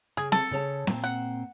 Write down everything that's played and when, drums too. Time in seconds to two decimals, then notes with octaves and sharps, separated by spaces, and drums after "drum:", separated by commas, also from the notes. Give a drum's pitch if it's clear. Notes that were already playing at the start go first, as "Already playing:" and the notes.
0.17 C#3 G#4
0.32 A4, drum: snare C4
0.51 C#3 C#5 A5
0.87 A#2 C4, drum: snare C4
1.04 F#5